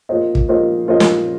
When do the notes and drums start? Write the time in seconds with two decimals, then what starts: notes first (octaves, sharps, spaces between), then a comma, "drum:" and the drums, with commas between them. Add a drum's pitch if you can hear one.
0.09 A#3 F4 C5 D#5
0.35 drum: kick
0.49 A#3 F4 C5 D#5
0.88 A#3 F4 C5 D#5
1.00 drum: snare